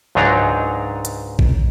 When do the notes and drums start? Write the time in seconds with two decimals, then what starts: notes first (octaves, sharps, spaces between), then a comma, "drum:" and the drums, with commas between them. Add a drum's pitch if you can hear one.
0.15 C#2 G#2 F#3 D4 D#4 A#5
1.05 drum: hi-hat
1.39 drum: kick A1